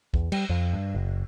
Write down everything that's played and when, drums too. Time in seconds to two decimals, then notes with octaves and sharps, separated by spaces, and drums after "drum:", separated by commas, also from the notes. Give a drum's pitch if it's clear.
0.14 E2, drum: kick
0.32 G3, drum: cymbal
0.50 F2
0.73 G2
0.95 F#1